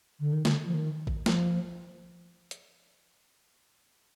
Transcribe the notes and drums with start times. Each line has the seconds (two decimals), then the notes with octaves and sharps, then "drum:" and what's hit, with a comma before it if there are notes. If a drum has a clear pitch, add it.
0.19 D3
0.32 D#3
0.45 D3, drum: snare
0.65 F3
0.73 D#3
1.07 drum: kick A1
1.26 F3, drum: snare
2.51 drum: hi-hat